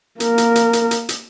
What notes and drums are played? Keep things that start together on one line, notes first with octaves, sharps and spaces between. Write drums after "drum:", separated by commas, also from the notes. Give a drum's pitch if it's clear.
A#3 A#4, drum: hi-hat
drum: hi-hat
drum: hi-hat
drum: hi-hat
drum: hi-hat
drum: hi-hat